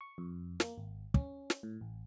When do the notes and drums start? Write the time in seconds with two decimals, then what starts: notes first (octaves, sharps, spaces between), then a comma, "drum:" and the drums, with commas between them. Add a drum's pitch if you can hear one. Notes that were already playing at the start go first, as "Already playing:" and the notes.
0.01 C#6
0.18 F2
0.60 A#3, drum: snare
0.78 G#1
1.14 C#4, drum: kick
1.50 drum: snare
1.63 A2
1.81 A1